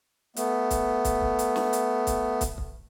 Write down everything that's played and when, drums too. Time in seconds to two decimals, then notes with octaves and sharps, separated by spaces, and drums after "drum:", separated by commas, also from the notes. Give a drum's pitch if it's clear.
0.36 A3 B3, drum: hi-hat
0.71 drum: kick, hi-hat
1.05 drum: kick, hi-hat
1.22 drum: kick
1.39 drum: hi-hat
1.56 drum: snare
1.73 drum: hi-hat
2.07 drum: kick, hi-hat
2.41 drum: kick, hi-hat
2.58 drum: kick